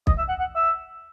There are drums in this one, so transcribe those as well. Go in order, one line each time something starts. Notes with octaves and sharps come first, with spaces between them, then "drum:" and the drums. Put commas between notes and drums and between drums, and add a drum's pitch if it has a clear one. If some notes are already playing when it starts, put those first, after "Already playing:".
D#5, drum: kick
E5
F#5
F#5
E5